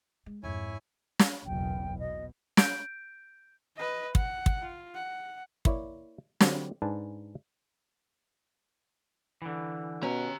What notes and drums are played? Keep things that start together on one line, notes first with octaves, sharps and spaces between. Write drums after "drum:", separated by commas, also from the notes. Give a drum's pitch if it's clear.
G#3
F2 G#2 E4 C#5 G#5
drum: snare
F#1 B1 E2 G5
B2 D#5
G6 D7, drum: snare
B4 D#5
F#5, drum: kick
drum: kick
F4
F#5
A#3 E4 C#5 D5, drum: kick
D3 F#3 C4 G4, drum: snare
G#2 D4 B4 G#5 A5
D3 E3
B2 C#4 G4 A#5